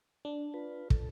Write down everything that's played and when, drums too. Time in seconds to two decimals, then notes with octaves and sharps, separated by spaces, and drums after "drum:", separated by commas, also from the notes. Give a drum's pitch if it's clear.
0.25 D4
0.54 F4 B4
0.90 A4, drum: kick